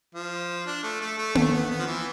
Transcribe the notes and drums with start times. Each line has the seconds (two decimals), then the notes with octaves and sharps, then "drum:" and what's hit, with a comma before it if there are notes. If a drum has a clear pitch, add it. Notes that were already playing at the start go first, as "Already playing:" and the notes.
0.15 F3
0.67 D4
0.83 A3
1.01 A3
1.18 A3
1.35 A3, drum: tom A#3
1.53 B3
1.70 B3
1.79 F3
1.87 E3